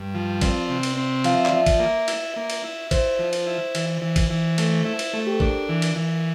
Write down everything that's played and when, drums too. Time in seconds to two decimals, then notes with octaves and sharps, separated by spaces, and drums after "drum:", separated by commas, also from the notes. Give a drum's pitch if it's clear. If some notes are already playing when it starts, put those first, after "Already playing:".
Already playing: G2
0.14 F3
0.41 C4 D5, drum: kick, cymbal
0.70 C3
0.83 drum: cymbal
0.97 C4
1.24 F3 F5, drum: cymbal
1.35 E5
1.46 D5, drum: clap
1.52 F3 E5
1.66 drum: kick, cymbal
1.80 A#3
2.08 E4, drum: cymbal
2.36 A#3
2.50 drum: cymbal
2.64 E4
2.91 E4 C5, drum: kick, cymbal
3.19 F3
3.33 drum: cymbal
3.47 E4
3.75 E3, drum: cymbal
4.02 E3
4.16 drum: kick, cymbal
4.30 E3
4.58 A3, drum: cymbal
4.85 E4
4.99 drum: cymbal
5.13 A3
5.27 G4
5.33 A4
5.40 D4 A#4, drum: kick
5.69 E3
5.82 drum: cymbal
5.96 E3